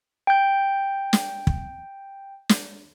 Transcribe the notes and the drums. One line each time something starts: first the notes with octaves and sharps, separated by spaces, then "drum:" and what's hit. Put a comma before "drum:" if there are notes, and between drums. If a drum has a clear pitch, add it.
G5 G6
drum: snare
drum: kick
drum: snare